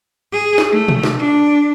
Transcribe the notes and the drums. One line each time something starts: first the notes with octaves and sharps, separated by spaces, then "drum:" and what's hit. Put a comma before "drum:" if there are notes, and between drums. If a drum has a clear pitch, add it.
G#4
drum: snare
A3
drum: tom B2
drum: snare
D4